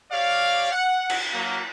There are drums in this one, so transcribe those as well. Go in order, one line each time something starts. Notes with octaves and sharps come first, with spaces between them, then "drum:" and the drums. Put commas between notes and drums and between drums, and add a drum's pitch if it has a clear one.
G4 C#5 D5 F5
F#5
drum: cymbal
F#3 A#3